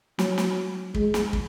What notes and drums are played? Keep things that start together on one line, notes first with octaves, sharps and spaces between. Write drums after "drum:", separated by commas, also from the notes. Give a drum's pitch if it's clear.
F#3, drum: snare
drum: snare
G#3, drum: kick
drum: snare
drum: kick